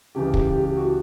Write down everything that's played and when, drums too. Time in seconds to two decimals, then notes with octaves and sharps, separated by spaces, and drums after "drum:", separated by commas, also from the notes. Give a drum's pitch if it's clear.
0.15 C#2 C#3 E3 G4
0.34 G4, drum: kick
0.52 G4
0.65 G4
0.77 F#4